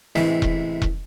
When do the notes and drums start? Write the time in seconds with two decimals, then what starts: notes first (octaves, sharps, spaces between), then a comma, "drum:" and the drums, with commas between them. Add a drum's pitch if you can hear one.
0.15 A1 C3 E3 G#3 E5, drum: snare
0.42 drum: kick E1
0.82 drum: kick E1